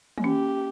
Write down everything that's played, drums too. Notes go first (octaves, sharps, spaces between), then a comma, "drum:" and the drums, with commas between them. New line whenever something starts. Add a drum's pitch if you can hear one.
A#3, drum: tom
C#4 G4